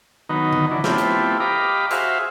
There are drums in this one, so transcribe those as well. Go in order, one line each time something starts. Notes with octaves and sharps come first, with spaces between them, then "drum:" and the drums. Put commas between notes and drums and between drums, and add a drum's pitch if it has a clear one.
D#3 F#3 B3 D#4
drum: tom D3
E3 F#3 D4
A3 B3 C4 E4 F4 G4, drum: snare
drum: hi-hat
G4 D#5 F5 A#5 B5 D6
F#4 G#4 C5 E5 F5, drum: hi-hat